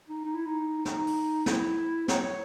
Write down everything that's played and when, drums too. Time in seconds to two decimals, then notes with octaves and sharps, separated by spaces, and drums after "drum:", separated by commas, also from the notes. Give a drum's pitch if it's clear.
0.09 D#4
0.24 D#4
0.35 E4
0.46 D#4
0.85 D#4, drum: snare
1.07 drum: open hi-hat
1.46 E4, drum: snare
2.08 C#5, drum: snare